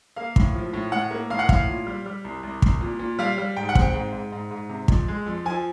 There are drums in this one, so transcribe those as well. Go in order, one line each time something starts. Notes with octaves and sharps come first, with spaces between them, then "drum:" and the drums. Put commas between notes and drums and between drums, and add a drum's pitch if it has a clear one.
A#3 F5
A2, drum: kick
F3
A2
A2 F#5
A#3
A2 F5
F#5
A2 F5, drum: kick
A#2
G3
G3
C2
C2
C2, drum: kick
A#2
A#2
G3 F5
G3
G#2 G5
F#5
C4, drum: kick
G5
G#2
G#2
G#2
G#2
C3
F2, drum: kick
G#3
F2
F3 G#5